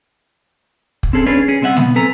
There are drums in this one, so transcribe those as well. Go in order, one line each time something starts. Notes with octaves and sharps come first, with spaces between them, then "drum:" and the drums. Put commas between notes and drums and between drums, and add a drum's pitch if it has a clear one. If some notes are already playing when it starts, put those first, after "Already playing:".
drum: kick
C4 C#4 G#4 A4
C#4 D4 G#4 B4 C#5
C#4 G#4
C2 C4 D#5 E5 F#5
B1 B3, drum: snare G#3
C4 A4 B4 G#5 A#5